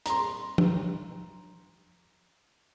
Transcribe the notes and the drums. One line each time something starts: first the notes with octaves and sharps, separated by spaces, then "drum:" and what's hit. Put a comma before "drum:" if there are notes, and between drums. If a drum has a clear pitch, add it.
A#5 C6, drum: hi-hat
drum: tom